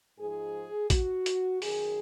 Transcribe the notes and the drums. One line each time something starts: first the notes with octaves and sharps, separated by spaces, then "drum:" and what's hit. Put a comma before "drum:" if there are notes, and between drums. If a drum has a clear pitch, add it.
G#2 F3 G#3 G#4
F#4, drum: kick, hi-hat
drum: hi-hat
F#2 D#3 F#3 G#4, drum: open hi-hat